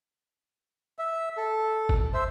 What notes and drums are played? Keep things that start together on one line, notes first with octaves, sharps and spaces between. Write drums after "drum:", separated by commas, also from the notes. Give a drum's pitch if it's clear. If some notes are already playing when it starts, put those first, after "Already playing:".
E5
A4
drum: kick G#1
C5 E5 E6